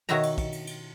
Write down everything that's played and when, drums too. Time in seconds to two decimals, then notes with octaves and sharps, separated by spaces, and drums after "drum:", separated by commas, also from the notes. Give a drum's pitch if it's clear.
0.09 B2 D#3 F#4 C#5 E5 A#5, drum: cymbal
0.23 drum: cymbal
0.38 drum: kick, cymbal
0.52 drum: cymbal
0.67 drum: cymbal